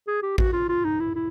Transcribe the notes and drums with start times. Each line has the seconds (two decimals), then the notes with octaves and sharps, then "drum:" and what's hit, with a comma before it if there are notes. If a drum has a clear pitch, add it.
0.07 G#4
0.22 G4
0.38 F#4, drum: kick A1
0.53 F4
0.68 F4
0.84 D#4
1.00 E4
1.15 E4